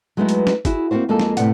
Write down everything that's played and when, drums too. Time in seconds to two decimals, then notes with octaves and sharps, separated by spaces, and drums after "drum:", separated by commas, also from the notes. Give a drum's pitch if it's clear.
0.17 F#3 G#3 A3 B3 D#4 E4
0.29 drum: hi-hat
0.47 drum: snare
0.65 E4 F#4 G#4, drum: kick, hi-hat
0.91 A#3 C4 F4 F#4 C5
1.09 F2 G#3 A#3 F4 A4
1.19 drum: snare
1.37 A2 C3 B3 D5 F#5, drum: hi-hat